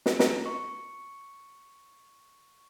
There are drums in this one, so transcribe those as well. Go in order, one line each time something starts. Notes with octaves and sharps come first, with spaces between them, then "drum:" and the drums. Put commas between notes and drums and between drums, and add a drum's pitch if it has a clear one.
drum: snare
A#5, drum: snare
C#6